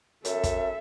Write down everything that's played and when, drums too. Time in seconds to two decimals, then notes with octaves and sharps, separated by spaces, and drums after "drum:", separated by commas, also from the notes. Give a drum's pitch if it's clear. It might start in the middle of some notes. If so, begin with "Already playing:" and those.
0.25 F#2 A4 E5, drum: hi-hat
0.43 drum: kick, hi-hat